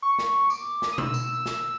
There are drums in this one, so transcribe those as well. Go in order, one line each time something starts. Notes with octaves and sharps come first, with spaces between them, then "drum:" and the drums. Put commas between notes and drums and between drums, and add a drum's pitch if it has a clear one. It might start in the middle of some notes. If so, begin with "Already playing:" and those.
C#6
drum: snare
D6, drum: tambourine
drum: snare
D#6
E6, drum: tom B2
drum: tambourine
drum: snare